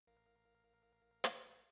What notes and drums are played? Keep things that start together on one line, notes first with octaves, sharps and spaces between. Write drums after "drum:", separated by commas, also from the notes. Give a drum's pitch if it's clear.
A1 A#4 F5
drum: hi-hat